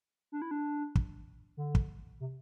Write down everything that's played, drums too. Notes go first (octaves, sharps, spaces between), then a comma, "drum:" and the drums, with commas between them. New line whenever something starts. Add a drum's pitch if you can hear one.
D4
E4
D4
drum: kick
D3
drum: kick
C3